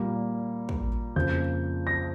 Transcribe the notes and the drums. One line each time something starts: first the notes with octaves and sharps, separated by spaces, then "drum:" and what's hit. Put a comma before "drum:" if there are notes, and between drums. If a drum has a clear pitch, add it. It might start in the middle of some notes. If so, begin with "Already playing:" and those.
Already playing: A#2 G3 A#3
drum: kick
F2 C#3 F3 A#3 G6
A#6